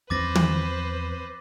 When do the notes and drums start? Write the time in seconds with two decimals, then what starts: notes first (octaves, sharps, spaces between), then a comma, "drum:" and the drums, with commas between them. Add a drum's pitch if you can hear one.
0.10 E2 F3 C4 B4 C5 D6 A6 A#6
0.35 drum: tom